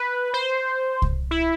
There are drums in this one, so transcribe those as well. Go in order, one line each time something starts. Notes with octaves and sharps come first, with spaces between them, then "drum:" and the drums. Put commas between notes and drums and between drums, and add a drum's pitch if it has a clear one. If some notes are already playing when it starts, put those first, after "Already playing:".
Already playing: B4
C5
drum: kick C2
E4